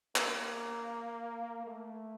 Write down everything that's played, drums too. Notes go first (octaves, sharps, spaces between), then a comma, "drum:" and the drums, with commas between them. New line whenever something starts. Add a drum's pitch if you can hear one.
A#3, drum: clap
A3